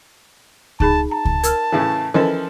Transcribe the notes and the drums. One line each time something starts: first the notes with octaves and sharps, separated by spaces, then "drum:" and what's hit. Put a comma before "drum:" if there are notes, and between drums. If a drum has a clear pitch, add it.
D#4 G#4 A5 B5, drum: kick C#2
A5 A#5
drum: kick C#2
A#4 E6 F6, drum: hi-hat
A2 C#3 E3
E3 F3 C#4 A4 A#4 D#5